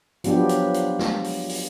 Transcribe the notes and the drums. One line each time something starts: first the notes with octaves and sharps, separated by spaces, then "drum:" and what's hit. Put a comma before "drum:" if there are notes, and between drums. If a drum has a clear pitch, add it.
F3 F#3 B3 D4 G4, drum: hi-hat
drum: hi-hat
drum: hi-hat
drum: snare
drum: open hi-hat
drum: open hi-hat